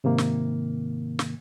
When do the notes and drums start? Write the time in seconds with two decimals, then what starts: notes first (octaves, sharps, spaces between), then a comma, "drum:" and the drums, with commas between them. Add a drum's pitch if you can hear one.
0.04 G#2 C3 D#3 A#3
0.18 drum: snare
1.19 drum: snare